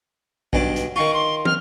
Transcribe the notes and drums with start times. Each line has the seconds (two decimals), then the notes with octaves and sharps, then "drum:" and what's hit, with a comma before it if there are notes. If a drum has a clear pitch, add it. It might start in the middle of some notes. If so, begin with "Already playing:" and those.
0.53 B1 G2 D4, drum: kick A#1
0.76 drum: hi-hat
0.96 D#3 F4 C#6
1.14 C6
1.45 F6, drum: tom